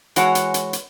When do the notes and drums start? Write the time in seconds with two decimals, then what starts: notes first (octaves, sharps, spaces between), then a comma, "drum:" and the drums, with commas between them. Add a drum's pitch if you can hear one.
0.16 E3 G#3 F#4 C#5 F#5, drum: hi-hat
0.35 drum: hi-hat
0.54 drum: hi-hat
0.73 drum: hi-hat